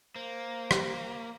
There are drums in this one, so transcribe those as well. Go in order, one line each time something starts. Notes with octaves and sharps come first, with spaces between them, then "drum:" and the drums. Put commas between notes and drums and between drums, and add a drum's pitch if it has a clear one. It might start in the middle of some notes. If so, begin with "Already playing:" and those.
A#3 C5
drum: rim click